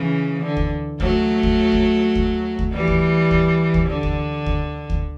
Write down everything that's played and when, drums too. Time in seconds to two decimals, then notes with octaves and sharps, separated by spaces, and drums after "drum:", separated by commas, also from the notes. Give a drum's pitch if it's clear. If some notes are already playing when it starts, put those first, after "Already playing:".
Already playing: C#3 E3
0.43 D3
0.57 drum: kick D2
1.00 F#3 A3, drum: kick D2
1.43 drum: kick D2
1.72 drum: kick D2
2.15 drum: kick D2
2.59 drum: kick D2
2.73 E3 G3
2.88 drum: kick D2
3.31 drum: kick D2
3.74 drum: kick D2
3.88 D3
4.03 drum: kick D2
4.46 drum: kick D2
4.90 drum: kick D2